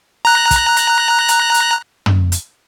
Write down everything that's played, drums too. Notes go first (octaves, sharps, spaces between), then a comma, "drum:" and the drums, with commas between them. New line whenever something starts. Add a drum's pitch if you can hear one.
A#5 F#6
drum: kick, hi-hat
drum: hi-hat
drum: hi-hat
drum: hi-hat
drum: tom
drum: hi-hat